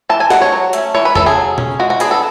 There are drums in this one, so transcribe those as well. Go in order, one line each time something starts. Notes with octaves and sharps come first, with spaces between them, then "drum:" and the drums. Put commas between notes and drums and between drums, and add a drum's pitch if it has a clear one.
E3 A5
G#5
G#3 D4 F#5, drum: snare
C#5
F#3
A3 C#4, drum: hi-hat
E3 C#5
B4
A3 C#4 A4, drum: tom E2
G#4
F#3
C#4, drum: tom
G#3 F#4
F#4
B3 D4 G#4, drum: hi-hat
A4